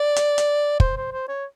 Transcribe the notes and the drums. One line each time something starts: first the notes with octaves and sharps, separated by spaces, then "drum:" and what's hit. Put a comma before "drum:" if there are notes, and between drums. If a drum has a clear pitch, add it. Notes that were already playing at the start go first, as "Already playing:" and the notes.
Already playing: D5
drum: hi-hat
drum: hi-hat
C5, drum: kick
C5
C5
C#5